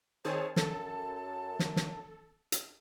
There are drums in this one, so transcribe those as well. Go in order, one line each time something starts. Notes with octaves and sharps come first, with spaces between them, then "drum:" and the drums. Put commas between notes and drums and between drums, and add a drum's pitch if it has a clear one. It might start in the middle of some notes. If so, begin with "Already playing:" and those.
D#3 C4 G#4 C#5 A5
F#2 A4 A5, drum: snare
drum: snare
drum: snare
drum: hi-hat